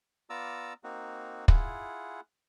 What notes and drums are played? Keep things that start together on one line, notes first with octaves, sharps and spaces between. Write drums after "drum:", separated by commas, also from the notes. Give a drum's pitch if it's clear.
B3 F4 D5 A#5 D6 E6
A#3 C4 D#4 F#4
E4 F4 G#4 F#5, drum: kick